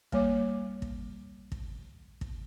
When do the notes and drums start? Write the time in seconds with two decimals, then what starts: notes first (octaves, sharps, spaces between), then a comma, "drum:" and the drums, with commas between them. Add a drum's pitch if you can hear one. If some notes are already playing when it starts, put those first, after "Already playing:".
0.12 G3 A#3 C#5 D6, drum: kick
0.82 drum: kick
1.52 drum: kick
2.21 drum: kick